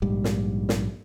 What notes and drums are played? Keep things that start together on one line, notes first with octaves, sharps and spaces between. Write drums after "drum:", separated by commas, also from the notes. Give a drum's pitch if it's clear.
A#1 G#2 G3
drum: snare
drum: snare